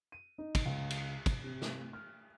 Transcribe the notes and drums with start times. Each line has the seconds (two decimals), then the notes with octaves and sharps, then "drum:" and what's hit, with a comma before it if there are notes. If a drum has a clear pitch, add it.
0.12 D#7
0.38 D#4
0.55 drum: kick, cymbal
0.65 C#2
0.90 drum: cymbal
1.26 drum: kick, cymbal
1.44 C3
1.62 drum: snare
1.93 F6